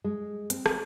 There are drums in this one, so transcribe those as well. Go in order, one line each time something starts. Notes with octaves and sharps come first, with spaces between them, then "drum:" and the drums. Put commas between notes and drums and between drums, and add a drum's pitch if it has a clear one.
G#3
C4, drum: hi-hat
drum: rim click